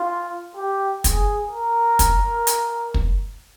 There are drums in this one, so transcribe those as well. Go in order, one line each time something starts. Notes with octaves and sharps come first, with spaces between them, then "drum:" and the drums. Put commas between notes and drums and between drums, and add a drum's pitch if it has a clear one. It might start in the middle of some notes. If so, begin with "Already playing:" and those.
Already playing: F4
G4
G#4, drum: kick, hi-hat
A#4
drum: kick, hi-hat
drum: hi-hat
drum: kick